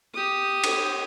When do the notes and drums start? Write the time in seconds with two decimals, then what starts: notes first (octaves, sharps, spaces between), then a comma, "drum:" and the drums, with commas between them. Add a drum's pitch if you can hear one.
0.14 G4 D#6
0.64 drum: cymbal